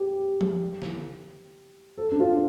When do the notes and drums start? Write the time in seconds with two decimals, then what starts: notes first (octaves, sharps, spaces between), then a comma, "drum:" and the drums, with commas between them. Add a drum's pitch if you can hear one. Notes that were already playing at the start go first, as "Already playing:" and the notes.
Already playing: G4
0.41 drum: tom F3
0.82 drum: snare
1.98 A4
2.12 D4
2.20 F4